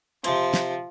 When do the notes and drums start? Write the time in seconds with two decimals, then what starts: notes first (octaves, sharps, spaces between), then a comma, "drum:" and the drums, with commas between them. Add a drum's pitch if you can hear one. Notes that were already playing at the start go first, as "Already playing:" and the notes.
0.24 C3 F3 C4, drum: hi-hat
0.54 drum: snare